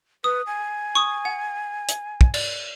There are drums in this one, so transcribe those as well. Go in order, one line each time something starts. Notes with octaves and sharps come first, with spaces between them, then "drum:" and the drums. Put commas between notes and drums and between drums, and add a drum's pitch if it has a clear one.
B4 D#6
G#5
C#6 D#6
F#5
drum: hi-hat
drum: kick
D5, drum: cymbal